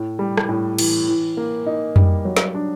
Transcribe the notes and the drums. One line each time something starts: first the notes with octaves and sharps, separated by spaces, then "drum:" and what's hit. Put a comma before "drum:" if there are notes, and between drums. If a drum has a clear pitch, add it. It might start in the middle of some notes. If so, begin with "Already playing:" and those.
Already playing: A2
G3
drum: rim click
A2
E3, drum: cymbal
E3
A#3
D#4
G3, drum: tom F2
F#3
drum: snare
D4